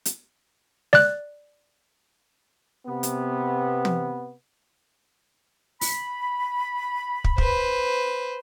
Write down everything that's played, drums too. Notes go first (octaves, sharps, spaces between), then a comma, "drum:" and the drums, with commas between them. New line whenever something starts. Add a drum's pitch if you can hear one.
drum: hi-hat
D5 F#6, drum: snare
C3 B3
drum: hi-hat
drum: tom
B5, drum: open hi-hat
drum: kick
B4 C5, drum: kick